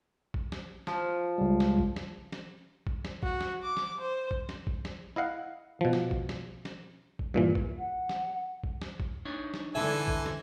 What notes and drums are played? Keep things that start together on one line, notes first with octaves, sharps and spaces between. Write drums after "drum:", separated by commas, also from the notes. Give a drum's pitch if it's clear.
drum: kick
drum: snare
F3, drum: snare
C#2 G3
drum: snare
drum: kick
drum: snare
drum: snare
drum: kick
drum: snare
F#4, drum: kick
drum: snare
D6
drum: snare
C5
drum: kick
drum: snare
drum: kick
drum: snare
E4 D#5 F5 F#5
B2 F3
drum: snare
drum: kick
drum: snare
drum: snare
drum: kick
G2 A#2 E3
drum: kick
F#5
drum: snare
drum: kick
drum: snare
drum: kick
D4 D#4 C#5
drum: snare
D3 E3 A4 E5 G#5
drum: kick
drum: snare